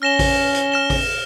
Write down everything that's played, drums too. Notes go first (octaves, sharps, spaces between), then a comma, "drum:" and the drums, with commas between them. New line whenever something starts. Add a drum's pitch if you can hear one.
C#4 F6 A#6 E7 G7
drum: kick A1, open hi-hat
drum: hi-hat
F6 A#6 E7 G7
drum: kick A1, open hi-hat